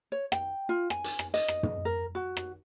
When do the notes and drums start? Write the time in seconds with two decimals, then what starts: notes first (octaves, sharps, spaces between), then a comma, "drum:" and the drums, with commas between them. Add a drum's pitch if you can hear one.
0.12 C#5
0.32 G5, drum: rim click
0.69 F4
0.90 G#5, drum: rim click
1.04 drum: hi-hat
1.19 drum: rim click
1.34 D#5, drum: hi-hat
1.48 drum: rim click
1.63 drum: tom
1.85 A#4
2.15 F#4
2.37 drum: rim click